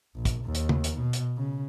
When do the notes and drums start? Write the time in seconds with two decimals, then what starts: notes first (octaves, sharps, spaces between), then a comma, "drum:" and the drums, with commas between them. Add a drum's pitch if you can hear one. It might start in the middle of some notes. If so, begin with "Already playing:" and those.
0.15 A#1
0.25 drum: kick, hi-hat
0.45 D#2
0.55 drum: hi-hat
0.69 drum: tom
0.84 drum: hi-hat
0.99 B2
1.13 drum: hi-hat
1.37 C#3